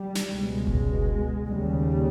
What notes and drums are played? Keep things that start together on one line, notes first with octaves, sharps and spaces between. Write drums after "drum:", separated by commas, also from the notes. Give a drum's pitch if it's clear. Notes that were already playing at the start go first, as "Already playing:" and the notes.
Already playing: G3
drum: snare
C#2 B2 G#3
drum: kick F#1
D#2 C#3 G3